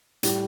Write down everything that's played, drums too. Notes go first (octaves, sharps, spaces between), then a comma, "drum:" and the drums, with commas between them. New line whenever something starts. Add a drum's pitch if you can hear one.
A2 G3, drum: hi-hat